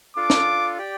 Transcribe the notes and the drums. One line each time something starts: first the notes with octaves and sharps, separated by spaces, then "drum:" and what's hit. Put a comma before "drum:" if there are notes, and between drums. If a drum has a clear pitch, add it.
D4 F4 A4 F5 D6
drum: snare
G4 D5 G5